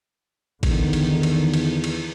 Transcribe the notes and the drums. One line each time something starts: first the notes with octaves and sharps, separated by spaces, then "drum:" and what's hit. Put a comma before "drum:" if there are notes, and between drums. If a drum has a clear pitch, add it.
E2 D3 D#3, drum: kick A1, cymbal
drum: cymbal
drum: cymbal
drum: cymbal
drum: cymbal